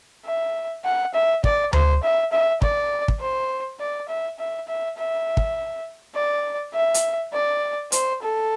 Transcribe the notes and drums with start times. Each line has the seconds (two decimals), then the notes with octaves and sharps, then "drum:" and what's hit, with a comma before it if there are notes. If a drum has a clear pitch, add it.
0.26 E5
0.85 F#5
1.14 E5
1.44 D5, drum: kick
1.73 C5, drum: tom D2
2.03 E5
2.32 E5
2.62 D5, drum: kick
3.08 drum: kick
3.20 C5
3.80 D5
4.08 E5
4.39 E5
4.68 E5
4.98 E5
5.37 drum: kick
6.15 D5
6.74 E5
6.94 drum: hi-hat
7.33 D5
7.92 C5, drum: hi-hat
8.23 A4